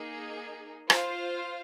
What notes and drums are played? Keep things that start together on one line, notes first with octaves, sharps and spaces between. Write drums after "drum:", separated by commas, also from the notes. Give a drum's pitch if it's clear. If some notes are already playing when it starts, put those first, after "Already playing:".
Already playing: A#3 D#4 G#4
F4 C5 F5, drum: rim click